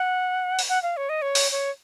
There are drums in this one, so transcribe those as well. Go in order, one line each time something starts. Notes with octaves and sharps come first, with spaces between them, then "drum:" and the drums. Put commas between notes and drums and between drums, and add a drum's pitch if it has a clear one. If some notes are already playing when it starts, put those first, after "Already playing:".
Already playing: F#5
drum: open hi-hat
F#5
F5
C#5
D#5
C#5
drum: open hi-hat
C#5